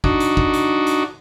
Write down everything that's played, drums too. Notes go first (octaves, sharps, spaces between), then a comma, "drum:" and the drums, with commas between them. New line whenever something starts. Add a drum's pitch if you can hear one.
D4 D#4 F#4, drum: kick
drum: hi-hat
drum: kick
drum: hi-hat
drum: hi-hat